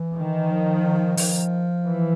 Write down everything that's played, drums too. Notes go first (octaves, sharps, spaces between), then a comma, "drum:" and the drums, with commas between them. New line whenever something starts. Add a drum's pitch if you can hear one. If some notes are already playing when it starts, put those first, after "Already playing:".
Already playing: E3
D#3
F3
F3, drum: open hi-hat
E3